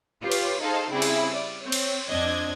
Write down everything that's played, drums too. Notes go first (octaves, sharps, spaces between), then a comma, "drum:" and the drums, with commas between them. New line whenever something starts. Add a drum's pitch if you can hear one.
F4 G4 B4 C#5
drum: cymbal
D#4 G#4 A4 C5 F5
C#3 G3 C4 E4 G#4
drum: cymbal
D5
C4 C#5
drum: cymbal
F2 C4 D4 D#5 G#6